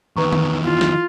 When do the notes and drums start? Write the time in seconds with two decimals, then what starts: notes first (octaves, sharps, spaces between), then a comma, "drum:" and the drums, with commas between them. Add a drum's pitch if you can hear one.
0.16 E2 D#3 B4 A#5 C#6
0.33 drum: tom D#3
0.65 E4 F4
0.81 drum: snare